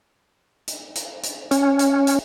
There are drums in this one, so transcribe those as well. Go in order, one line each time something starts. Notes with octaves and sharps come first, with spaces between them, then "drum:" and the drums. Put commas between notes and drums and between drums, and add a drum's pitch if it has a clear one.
drum: hi-hat
drum: hi-hat
drum: hi-hat
C#4, drum: hi-hat
drum: hi-hat
drum: hi-hat